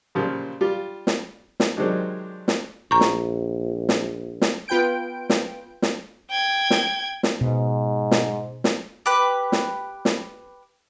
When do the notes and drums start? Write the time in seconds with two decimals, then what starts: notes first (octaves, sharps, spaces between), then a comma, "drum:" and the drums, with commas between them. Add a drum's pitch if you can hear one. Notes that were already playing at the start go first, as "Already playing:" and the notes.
0.15 A#2 C#3 F3 G3
0.61 G3 F4 G4
1.07 drum: snare
1.60 drum: snare
1.77 C3 D#3 F#3 G#3 D4 C5
2.48 drum: snare
2.91 A#1 A#5 C#6
3.01 drum: snare
3.89 drum: snare
4.41 drum: snare
4.68 B3 F4 B4 G5 G6 D7
5.30 drum: snare
5.82 drum: snare
6.30 G5 G#6
6.70 drum: snare
7.23 drum: snare
7.41 G#2 B2
8.11 drum: snare
8.64 drum: snare
9.06 G4 B4
9.52 drum: snare
10.05 drum: snare